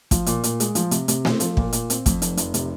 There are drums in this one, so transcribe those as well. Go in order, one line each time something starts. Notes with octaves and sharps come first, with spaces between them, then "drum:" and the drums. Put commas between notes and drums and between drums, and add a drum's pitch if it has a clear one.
F3, drum: kick, hi-hat
A#2, drum: hi-hat
A#2, drum: hi-hat
G#3, drum: hi-hat
F3, drum: hi-hat
C3, drum: hi-hat
C3, drum: hi-hat
C4, drum: snare A3
F3, drum: hi-hat
A#2, drum: kick
A#2, drum: hi-hat
C4, drum: hi-hat
F2, drum: kick, hi-hat
F1, drum: hi-hat
F1, drum: hi-hat
C3, drum: hi-hat